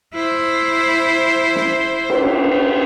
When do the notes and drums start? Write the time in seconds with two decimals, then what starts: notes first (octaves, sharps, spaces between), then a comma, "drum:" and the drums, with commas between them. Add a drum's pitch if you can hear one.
0.14 E4 C5
1.56 drum: snare
2.10 drum: cymbal